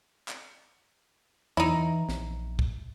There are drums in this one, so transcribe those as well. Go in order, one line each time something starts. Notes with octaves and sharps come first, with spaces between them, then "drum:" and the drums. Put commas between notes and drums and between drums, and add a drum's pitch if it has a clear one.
drum: clap
E3 D#4 E4, drum: tom E2
A#1, drum: snare
drum: kick